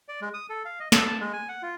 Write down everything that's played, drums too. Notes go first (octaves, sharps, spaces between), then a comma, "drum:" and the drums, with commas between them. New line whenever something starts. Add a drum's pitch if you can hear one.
D5
G#3
D#6
A4
F5
D#5
A4, drum: snare
A5
G#3
G#5
F#5
F4